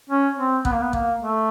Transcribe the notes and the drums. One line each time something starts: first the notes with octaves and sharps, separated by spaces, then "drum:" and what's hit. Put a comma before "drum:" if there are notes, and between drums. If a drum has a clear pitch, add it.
C#4
C4
B3, drum: kick A1
A#3
B3
A#3, drum: kick A1
A3